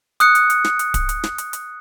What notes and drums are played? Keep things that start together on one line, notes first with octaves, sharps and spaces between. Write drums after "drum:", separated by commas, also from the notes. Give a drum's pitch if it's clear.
D#6 F#6 C#7, drum: hi-hat
drum: hi-hat
drum: hi-hat
drum: snare
drum: hi-hat
drum: kick D1, hi-hat
drum: hi-hat
drum: snare
drum: hi-hat
drum: hi-hat